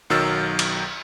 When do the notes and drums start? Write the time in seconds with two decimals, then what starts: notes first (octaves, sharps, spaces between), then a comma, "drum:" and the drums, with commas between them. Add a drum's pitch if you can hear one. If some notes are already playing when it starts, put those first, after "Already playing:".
0.10 B1 D#3 F#3 E6 F6 A6
0.59 drum: cymbal